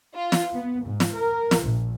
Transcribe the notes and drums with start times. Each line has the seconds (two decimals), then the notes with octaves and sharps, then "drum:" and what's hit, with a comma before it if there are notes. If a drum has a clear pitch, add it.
0.15 F4
0.32 drum: snare
0.53 B3
0.86 G#2
1.00 drum: snare
1.16 A#4
1.51 drum: snare
1.62 A#1